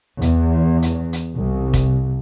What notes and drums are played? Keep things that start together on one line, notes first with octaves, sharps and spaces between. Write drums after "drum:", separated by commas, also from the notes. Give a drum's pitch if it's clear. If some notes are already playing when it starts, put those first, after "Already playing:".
E2, drum: hi-hat
drum: hi-hat
drum: hi-hat
C2
drum: kick, hi-hat